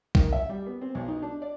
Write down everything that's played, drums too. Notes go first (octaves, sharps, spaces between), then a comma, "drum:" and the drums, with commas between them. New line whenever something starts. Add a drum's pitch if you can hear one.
D#3, drum: kick B1
E5
G3
B3
C4
B1
D#4
D4
D5